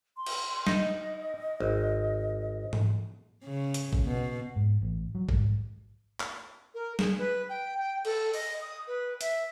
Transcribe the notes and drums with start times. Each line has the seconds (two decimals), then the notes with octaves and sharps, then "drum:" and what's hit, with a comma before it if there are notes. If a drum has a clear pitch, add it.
0.17 C6
0.26 drum: cymbal
0.67 D#4 D#5, drum: snare
1.60 G#1
2.73 drum: tom G#2
3.45 C#3
3.74 drum: hi-hat
3.93 drum: kick A1
4.05 B2
4.56 G#2
4.81 A1
5.15 F#3
5.29 G#2, drum: kick A1
6.20 drum: clap
6.74 A#4
6.99 G#4, drum: snare
7.18 B4
7.49 G5
7.78 G5
8.05 A4, drum: cymbal
8.34 D#5, drum: open hi-hat
8.61 D#6
8.87 B4
9.21 E5, drum: hi-hat